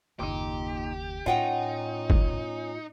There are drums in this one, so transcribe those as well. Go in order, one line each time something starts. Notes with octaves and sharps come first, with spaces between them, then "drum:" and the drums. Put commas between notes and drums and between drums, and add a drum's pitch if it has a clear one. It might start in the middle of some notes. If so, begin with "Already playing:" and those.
F#1 D#2 A#2 D#4 G4
A2 C#4 D#4 F4 F#5 G5
drum: kick